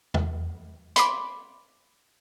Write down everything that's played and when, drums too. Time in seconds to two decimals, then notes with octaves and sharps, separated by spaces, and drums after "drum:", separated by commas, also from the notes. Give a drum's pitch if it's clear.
0.14 drum: tom E2
0.96 B5 C6 D6, drum: hi-hat